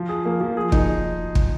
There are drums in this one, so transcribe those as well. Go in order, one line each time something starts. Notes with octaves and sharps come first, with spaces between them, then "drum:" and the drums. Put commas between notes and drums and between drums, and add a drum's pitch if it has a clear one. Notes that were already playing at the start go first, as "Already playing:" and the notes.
Already playing: F3
G#4
A#3
F3
G#4
D#4, drum: kick
drum: kick